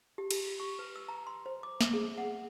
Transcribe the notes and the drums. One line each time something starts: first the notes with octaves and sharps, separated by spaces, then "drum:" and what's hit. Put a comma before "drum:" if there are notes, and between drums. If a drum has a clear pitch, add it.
G4
G4, drum: cymbal
C#6
B4
E6
A#5
C6
C5
D6
E5, drum: snare
G#4
F#5